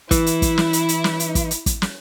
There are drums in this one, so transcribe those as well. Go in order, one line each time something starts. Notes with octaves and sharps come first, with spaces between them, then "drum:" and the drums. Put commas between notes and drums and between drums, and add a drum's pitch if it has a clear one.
E3 E4, drum: kick, hi-hat
drum: hi-hat
drum: kick, hi-hat
drum: snare
drum: hi-hat
drum: hi-hat
drum: snare
drum: hi-hat
drum: kick, hi-hat
drum: hi-hat
drum: kick, hi-hat
drum: snare